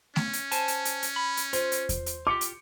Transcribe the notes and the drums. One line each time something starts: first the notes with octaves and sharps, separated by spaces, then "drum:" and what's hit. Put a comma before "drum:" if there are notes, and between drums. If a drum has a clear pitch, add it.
C#4, drum: snare A3
drum: hi-hat
C5 G#5 A5, drum: hi-hat
drum: hi-hat
drum: hi-hat
drum: hi-hat
B5
drum: hi-hat
F4 C5, drum: hi-hat
drum: hi-hat
drum: kick E2, hi-hat
drum: hi-hat
F4 G4 D6 C#7
drum: hi-hat